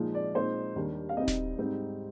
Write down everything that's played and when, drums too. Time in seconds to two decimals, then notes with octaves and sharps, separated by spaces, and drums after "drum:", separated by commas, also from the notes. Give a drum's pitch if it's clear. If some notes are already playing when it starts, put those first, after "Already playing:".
Already playing: A#2 F3 G#3 D#4
0.15 D5
0.35 A#2 G#3 C4 D#4 C5
0.76 D#2 D#3 G3 D4
1.09 F5
1.17 C2 C3 G3 C4 D#4 D#5
1.28 drum: snare D#1
1.58 G#2 G3 C4 D#4